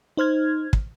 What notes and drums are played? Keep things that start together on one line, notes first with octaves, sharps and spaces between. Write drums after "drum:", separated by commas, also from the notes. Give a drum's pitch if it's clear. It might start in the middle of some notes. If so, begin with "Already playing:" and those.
D#4 C5 F6 G#6
drum: kick